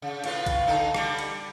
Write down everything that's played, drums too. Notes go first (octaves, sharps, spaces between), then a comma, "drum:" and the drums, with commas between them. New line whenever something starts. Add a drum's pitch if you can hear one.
C#3
A2 F4 B4, drum: cymbal
drum: kick A#1, cymbal
D3 D#4 A4
D3 G3, drum: rim click
drum: cymbal